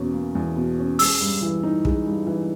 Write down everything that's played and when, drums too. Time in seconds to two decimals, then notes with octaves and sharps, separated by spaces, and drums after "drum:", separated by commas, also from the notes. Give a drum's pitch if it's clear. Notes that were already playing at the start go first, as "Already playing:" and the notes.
Already playing: E2 B2 A#3 C#4
0.14 A#3
0.35 E2
0.57 B2
0.78 C#4
0.99 G#3 E6, drum: open hi-hat
1.20 G2
1.42 E3
1.63 D#4
1.85 G#3, drum: kick
2.06 G2
2.27 E3